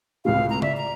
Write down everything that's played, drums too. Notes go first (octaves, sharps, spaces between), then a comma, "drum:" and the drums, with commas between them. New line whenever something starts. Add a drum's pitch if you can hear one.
C#2 A2 C3 F5
A#5
D5 E5, drum: tom C#3
A#5